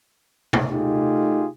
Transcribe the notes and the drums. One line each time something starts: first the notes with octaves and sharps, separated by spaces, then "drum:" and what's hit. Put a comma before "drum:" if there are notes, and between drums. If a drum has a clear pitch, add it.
drum: tom C3
A3 D#4 F4 G4 G#4